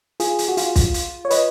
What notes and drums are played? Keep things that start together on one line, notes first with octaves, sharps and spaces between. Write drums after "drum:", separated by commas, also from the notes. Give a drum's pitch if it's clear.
F4 G#4, drum: hi-hat
drum: hi-hat
F#4
F4, drum: hi-hat
drum: kick, hi-hat
drum: hi-hat
C#5
B4 D#5, drum: hi-hat